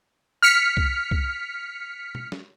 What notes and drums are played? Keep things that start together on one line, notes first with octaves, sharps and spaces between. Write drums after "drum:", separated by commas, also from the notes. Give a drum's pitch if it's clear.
F6 B6 C#7
drum: kick C2
drum: kick C2
drum: tom
drum: snare